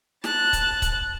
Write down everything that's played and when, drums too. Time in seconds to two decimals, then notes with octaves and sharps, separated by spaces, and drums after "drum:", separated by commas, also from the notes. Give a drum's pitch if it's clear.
0.24 A5 F#6, drum: snare
0.53 drum: kick C#1, hi-hat
0.82 drum: kick C#1, hi-hat